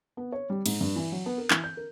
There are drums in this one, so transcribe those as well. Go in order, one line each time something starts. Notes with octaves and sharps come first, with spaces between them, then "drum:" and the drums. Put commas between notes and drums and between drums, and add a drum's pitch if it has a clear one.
B3
C#5
G3
G#2, drum: cymbal
G2
E3
F#3
B3
A#4
E3, drum: clap
G6
A#4